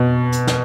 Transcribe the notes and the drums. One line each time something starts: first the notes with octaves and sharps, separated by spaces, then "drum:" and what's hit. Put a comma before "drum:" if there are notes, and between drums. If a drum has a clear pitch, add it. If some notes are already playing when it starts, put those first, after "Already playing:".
Already playing: B2
drum: hi-hat
drum: snare